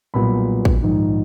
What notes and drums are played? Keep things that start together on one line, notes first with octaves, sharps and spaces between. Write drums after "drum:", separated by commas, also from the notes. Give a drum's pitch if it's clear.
B1 A#2 G3 B3 B5
drum: kick
A#1 G#2 D#3